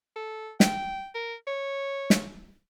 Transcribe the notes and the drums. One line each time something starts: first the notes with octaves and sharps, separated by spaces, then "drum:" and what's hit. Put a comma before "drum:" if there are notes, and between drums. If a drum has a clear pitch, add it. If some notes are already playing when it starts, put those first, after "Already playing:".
A4
G5, drum: snare
A#4
C#5
drum: snare